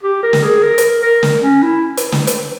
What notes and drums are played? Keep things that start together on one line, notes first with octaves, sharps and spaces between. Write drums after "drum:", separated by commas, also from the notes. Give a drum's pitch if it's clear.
G4
A#4
drum: snare
G#4
A#4
drum: hi-hat
A#4
drum: snare
C#4
E4
drum: hi-hat
drum: snare
drum: hi-hat